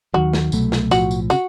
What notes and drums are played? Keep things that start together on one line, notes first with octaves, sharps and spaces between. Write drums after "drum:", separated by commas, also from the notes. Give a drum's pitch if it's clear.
D#2 D#3 F#3 F#4
drum: snare
C2 B2 F#3 A3, drum: tambourine
drum: snare
B1 A2 F3 F#4, drum: tambourine
drum: tambourine
C#3 F#4, drum: tambourine